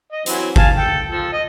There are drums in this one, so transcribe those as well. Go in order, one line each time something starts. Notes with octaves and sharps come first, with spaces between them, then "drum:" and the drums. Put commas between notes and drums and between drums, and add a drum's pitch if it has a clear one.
D#5
E3 F#3 C4, drum: hi-hat
F5 G#5 A5, drum: kick G1
A4 G5
F3 A4
D#5